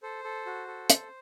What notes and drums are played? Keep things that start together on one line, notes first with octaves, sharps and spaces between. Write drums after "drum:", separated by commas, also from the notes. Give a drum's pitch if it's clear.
A4 C5
A4
F#4
A4
drum: hi-hat